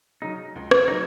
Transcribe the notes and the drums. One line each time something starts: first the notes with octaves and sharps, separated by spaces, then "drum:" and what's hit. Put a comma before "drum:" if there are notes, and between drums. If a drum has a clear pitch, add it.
C#3 F#3 D#4
C#2
drum: rim click
C#3 F#3 D#4